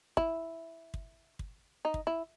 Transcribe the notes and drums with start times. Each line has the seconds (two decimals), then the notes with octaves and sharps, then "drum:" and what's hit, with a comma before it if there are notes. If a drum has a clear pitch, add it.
0.17 E4, drum: kick
0.94 drum: kick
1.39 drum: kick
1.85 D#4
1.94 drum: kick
2.07 E4